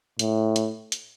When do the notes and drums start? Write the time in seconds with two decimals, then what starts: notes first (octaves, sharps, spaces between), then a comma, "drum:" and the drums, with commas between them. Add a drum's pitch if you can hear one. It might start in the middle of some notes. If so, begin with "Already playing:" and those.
0.19 A2, drum: hi-hat
0.56 drum: hi-hat
0.92 drum: hi-hat